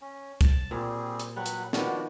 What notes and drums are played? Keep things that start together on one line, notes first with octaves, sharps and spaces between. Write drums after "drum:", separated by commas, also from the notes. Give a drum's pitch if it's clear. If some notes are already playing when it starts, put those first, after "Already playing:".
C#4
A5, drum: kick, hi-hat
A#2 G3 C4 G#4
drum: hi-hat
F#3 G3 B4 F#5
drum: hi-hat
D#3 F3 B3 D4 F#4, drum: snare